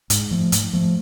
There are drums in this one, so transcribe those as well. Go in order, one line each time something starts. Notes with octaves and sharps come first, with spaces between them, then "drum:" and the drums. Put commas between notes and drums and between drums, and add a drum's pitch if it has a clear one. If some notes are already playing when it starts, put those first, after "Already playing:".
G#2, drum: hi-hat
F3 A3
G#2, drum: hi-hat
F3 A3